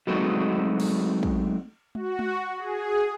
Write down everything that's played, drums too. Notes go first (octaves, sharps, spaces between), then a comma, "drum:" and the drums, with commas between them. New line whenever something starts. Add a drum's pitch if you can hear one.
F#3 G#3 A3 C4 D#4 F#4
drum: cymbal
drum: kick
F#4, drum: tom G#3
drum: tom G#3
G#4